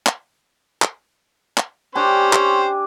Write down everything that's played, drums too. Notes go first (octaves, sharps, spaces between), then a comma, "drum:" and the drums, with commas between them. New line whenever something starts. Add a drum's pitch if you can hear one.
drum: clap
drum: clap
drum: clap
C#4 D4 G4 C5 G#5
drum: clap